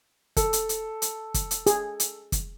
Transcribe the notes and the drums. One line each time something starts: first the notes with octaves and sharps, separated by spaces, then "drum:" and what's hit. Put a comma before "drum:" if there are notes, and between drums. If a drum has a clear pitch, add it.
A4, drum: kick, hi-hat
drum: hi-hat
drum: hi-hat
drum: hi-hat
drum: kick, hi-hat
drum: hi-hat
G#4, drum: hi-hat
drum: hi-hat
drum: kick, hi-hat